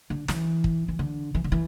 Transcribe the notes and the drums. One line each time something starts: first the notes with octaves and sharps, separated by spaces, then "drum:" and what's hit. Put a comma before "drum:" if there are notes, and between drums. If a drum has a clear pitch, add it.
D3
E3, drum: snare
drum: kick
E3
D3
E3
D3
E3